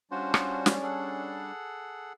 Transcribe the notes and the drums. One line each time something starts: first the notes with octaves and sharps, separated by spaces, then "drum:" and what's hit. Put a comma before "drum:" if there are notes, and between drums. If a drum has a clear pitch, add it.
G3 C#4 D4 F4 F#4 C5
drum: rim click
drum: snare
G#4 A4 F#5